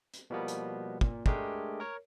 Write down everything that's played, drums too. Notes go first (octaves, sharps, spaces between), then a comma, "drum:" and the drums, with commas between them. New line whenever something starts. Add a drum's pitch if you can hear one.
drum: hi-hat
B2 F3 G3 A#3 B3 A#4
drum: hi-hat
A#2, drum: kick
G#3 A3 D4 G4 G#4 A#4, drum: kick
A#4 C#5